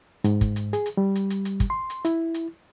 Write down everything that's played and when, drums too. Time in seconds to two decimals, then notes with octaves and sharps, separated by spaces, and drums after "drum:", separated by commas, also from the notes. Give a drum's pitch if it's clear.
0.24 G#2, drum: hi-hat
0.41 drum: kick, hi-hat
0.56 drum: hi-hat
0.73 G#4, drum: hi-hat
0.86 drum: hi-hat
0.97 G3
1.15 drum: hi-hat
1.30 drum: hi-hat
1.45 drum: hi-hat
1.60 drum: kick, hi-hat
1.70 C6
1.90 drum: hi-hat
2.05 E4, drum: hi-hat
2.34 drum: hi-hat